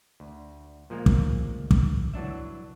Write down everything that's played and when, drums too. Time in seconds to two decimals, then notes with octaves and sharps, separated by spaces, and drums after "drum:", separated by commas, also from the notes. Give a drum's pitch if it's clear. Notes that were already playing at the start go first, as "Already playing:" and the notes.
0.20 D2
0.90 A#2 F3 G#3 A#3
1.06 drum: kick
1.71 drum: kick
2.14 E3 F#3 D4 E5